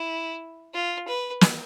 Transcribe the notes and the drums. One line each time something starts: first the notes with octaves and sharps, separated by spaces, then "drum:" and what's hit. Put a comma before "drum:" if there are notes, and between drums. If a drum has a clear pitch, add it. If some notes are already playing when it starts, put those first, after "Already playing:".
Already playing: E4
F4
B4
drum: snare